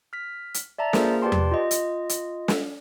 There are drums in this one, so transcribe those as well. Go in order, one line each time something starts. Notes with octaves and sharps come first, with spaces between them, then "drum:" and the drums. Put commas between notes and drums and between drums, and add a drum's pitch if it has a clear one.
F6 B6
drum: hi-hat
D5 E5 A5 A#5
A#3 F4 G#4 A#4 C5, drum: snare
G4 B4 D5 G5 A5 C6
drum: tom E2
F4 D#5
drum: hi-hat
drum: hi-hat
drum: snare